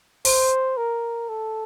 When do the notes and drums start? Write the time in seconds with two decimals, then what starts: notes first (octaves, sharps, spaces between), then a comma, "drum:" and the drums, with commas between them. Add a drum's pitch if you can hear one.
0.25 C5, drum: open hi-hat
0.77 A#4
1.29 A4